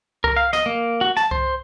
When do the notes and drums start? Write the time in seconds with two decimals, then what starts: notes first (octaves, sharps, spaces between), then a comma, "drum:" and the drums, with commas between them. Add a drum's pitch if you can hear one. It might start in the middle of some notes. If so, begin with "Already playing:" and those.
0.24 A#4, drum: kick C2
0.37 F5
0.53 D#5, drum: snare
0.66 A#3
1.01 F#4
1.17 A5, drum: snare
1.31 C5, drum: kick C2